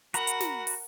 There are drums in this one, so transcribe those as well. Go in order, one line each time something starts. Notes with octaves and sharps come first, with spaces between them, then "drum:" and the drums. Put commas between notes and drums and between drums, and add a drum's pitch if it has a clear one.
F#4 A#4 F#5 A#5 B5, drum: hi-hat
drum: hi-hat
drum: snare
drum: open hi-hat